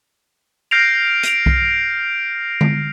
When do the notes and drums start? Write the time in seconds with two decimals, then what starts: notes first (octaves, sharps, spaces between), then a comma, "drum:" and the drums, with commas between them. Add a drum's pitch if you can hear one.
0.71 F6 G6 A#6 C7 D7 F7
1.23 D7 F7, drum: hi-hat
1.46 drum: kick C2
2.61 drum: tom D3